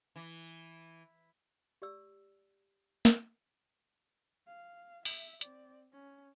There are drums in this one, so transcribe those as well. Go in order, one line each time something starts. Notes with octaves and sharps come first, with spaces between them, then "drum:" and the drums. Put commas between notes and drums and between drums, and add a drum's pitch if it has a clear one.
E3
G4 D5 E6
drum: snare
F5
E5, drum: open hi-hat
C4 D5, drum: hi-hat
C#4